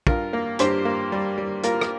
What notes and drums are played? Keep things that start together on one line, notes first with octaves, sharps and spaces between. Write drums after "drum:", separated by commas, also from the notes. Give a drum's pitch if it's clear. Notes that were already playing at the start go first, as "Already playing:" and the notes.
G2 F4 A#4, drum: kick
A#3
G2 G4 C5, drum: hi-hat
A#3
G3
G3
A#3 F4 A#4, drum: hi-hat
drum: rim click